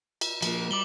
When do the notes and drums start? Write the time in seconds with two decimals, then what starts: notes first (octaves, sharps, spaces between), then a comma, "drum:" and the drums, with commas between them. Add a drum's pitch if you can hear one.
0.21 drum: cymbal
0.42 F3 A#3, drum: cymbal
0.71 G3 D6 F#7 G7